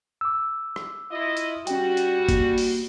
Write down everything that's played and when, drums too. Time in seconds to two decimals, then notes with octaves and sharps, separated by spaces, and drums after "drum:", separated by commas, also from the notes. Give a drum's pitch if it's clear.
0.21 D6 E6
0.76 drum: rim click
1.11 E4 F4 D#5
1.37 drum: hi-hat
1.67 G3 C#4 F#4 G5, drum: hi-hat
1.97 drum: hi-hat
2.29 A#3, drum: kick G1, hi-hat
2.58 drum: open hi-hat